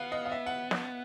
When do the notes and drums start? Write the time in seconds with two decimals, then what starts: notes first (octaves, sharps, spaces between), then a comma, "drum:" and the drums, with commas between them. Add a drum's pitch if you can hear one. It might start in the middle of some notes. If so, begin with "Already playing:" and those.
Already playing: B3 F5 F#5
0.12 D#5
0.25 F5
0.32 E5
0.46 F#5
0.71 drum: snare